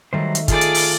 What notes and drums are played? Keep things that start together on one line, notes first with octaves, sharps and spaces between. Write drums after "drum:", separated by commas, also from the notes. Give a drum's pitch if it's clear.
D#3 F#3 G3 A3 C5
drum: hi-hat
F4 G#4 A4 D5 D6, drum: kick, hi-hat
drum: hi-hat
drum: open hi-hat